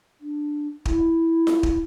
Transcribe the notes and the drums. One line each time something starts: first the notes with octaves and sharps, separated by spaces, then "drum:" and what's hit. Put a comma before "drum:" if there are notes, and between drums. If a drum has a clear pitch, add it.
D4
E4, drum: kick
drum: snare F4
drum: kick